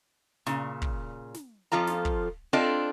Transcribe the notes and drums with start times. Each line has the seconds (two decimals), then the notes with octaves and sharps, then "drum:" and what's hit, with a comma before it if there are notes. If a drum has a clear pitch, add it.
0.46 A#2 C#3, drum: snare
0.82 drum: kick
1.34 drum: snare
1.72 F2 F3 F4 A4 A#5
1.87 drum: snare
2.05 drum: kick
2.53 C4 D4 F4 A4 D5 D#5